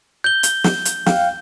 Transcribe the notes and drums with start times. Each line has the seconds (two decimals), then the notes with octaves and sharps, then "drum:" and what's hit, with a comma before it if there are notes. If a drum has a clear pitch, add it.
0.24 G6 G7
0.43 drum: hi-hat
0.64 drum: snare
0.85 drum: hi-hat
1.06 F5 G5, drum: snare